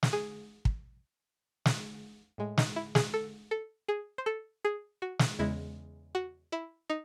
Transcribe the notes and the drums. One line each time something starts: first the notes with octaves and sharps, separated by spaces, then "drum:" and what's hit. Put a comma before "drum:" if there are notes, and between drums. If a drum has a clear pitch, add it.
drum: snare
G#4
drum: kick
drum: snare
A2 G#3
D#4, drum: snare
E4
G#4, drum: snare
A4
A4
G#4
C5
A4
G#4
F#4
drum: snare
E2 C#3 G#3 E4
F#4
E4
D#4